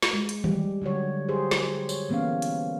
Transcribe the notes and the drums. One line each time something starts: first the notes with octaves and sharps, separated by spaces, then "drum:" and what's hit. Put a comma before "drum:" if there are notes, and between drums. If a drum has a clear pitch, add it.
drum: snare
G#3
drum: hi-hat
G3 G4, drum: tom D#3
D3 F#3 F#4 C#5
G4 G#4 C5
drum: snare
C#5, drum: tambourine
E3 A#3 B3 C#4 C#5 F5
drum: hi-hat